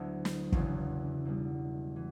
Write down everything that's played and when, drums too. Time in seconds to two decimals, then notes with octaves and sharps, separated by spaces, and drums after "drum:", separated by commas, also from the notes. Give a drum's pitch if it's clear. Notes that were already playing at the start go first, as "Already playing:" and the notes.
Already playing: D2 D3 F#3 B3 E4
0.25 drum: snare
0.52 E1 E2 C#3, drum: kick
1.25 B1 B2 G3
1.96 E3